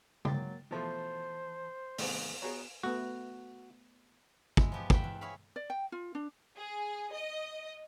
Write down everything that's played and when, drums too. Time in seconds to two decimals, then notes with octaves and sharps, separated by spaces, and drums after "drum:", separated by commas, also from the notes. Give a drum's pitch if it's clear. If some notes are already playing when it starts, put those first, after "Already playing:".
0.25 F#3 A#3 G5 A6, drum: tom C#3
0.71 B2 E3 F3 A3 C5 A5
1.98 C2 G#2 D#3 A3 B3, drum: open hi-hat
2.42 B3 F#4 G#4 C#5 A#5
2.83 A3 B3 F#4
4.57 G#3 E4, drum: kick
4.72 F3 B3 G4
4.90 E5 F#5 G5 C6, drum: kick
5.04 E2
5.21 E4 G#4 C#5 F5 B5
5.56 D5
5.70 G5
5.92 F4
6.15 D4
6.56 G#4
7.12 D#5